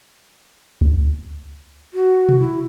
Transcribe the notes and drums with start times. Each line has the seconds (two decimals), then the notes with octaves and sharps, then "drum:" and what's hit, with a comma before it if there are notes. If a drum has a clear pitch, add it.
0.81 drum: kick C#2
1.94 F#4
2.29 drum: tom B2
2.40 E4